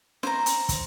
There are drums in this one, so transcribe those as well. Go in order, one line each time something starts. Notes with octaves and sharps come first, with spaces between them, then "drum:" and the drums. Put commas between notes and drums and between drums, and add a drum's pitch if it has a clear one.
C5 A#5, drum: snare
drum: hi-hat
drum: kick, hi-hat